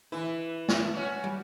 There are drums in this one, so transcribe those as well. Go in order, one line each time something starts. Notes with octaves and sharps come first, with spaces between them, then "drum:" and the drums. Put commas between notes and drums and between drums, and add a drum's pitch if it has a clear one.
E3 E4 B4
drum: snare
C#4 F#4
G3